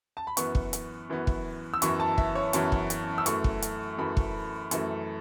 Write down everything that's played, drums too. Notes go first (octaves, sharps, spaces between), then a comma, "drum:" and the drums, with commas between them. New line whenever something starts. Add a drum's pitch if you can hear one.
A5
B5
F#2 E3 B3 C#6, drum: hi-hat
drum: kick
drum: hi-hat
F#2 E3 B3
drum: kick
E6
F#2 E3 B3 C#6, drum: hi-hat
A5
E5, drum: kick
C#5
F#2 E3 B3 A5, drum: hi-hat
drum: kick
drum: hi-hat
E6
F#2 E3 A3 C#6, drum: hi-hat
drum: kick
drum: hi-hat
F#2 E3 A3 B5
drum: kick
F#2 E3 A3, drum: hi-hat